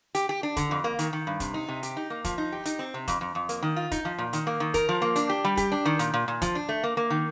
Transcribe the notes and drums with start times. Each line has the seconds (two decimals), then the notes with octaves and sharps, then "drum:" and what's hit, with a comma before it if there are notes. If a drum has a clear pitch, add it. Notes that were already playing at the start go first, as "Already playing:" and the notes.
0.15 G4, drum: hi-hat
0.29 G4
0.43 D4
0.57 D3, drum: kick F1, hi-hat
0.71 F2
0.84 A#3
0.99 D#3, drum: hi-hat
1.13 D#3
1.27 G2
1.40 C3, drum: kick F1, hi-hat
1.54 D#4
1.68 C3
1.83 G4, drum: hi-hat
1.97 D#4
2.10 A#3
2.25 F3, drum: kick F1, hi-hat
2.38 D#4
2.52 G4
2.65 D#4, drum: hi-hat
2.79 C4
2.94 C3
3.08 F2, drum: kick F1, hi-hat
3.21 F2
3.35 F2
3.49 A#3, drum: hi-hat
3.63 D#3
3.76 F4
3.92 D#4, drum: kick F1, hi-hat
4.05 F3
4.18 A#2
4.33 D#3, drum: hi-hat
4.47 A#3
4.60 D#3
4.74 A#4, drum: kick F1, hi-hat
4.89 F3
5.02 A#3
5.16 D4, drum: hi-hat
5.29 G4
5.45 G3
5.57 G4, drum: kick F1, hi-hat
5.72 D4
5.85 D#3
5.99 A#2, drum: hi-hat
6.14 A#2
6.28 A#2
6.42 F3, drum: kick F1, hi-hat
6.55 D4
6.69 A3
6.84 A#3
6.97 A#3
7.10 D#3